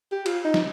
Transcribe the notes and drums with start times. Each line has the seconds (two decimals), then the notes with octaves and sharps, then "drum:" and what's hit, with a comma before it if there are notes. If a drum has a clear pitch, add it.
0.12 G4
0.26 F4, drum: cymbal
0.45 D#4
0.54 drum: snare